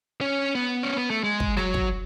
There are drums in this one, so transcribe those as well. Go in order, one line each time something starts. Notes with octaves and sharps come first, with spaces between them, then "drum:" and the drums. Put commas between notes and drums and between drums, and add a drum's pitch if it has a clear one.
C#4
B3
C#4
B3
A3
G#3
drum: kick
F#3, drum: rim click
drum: kick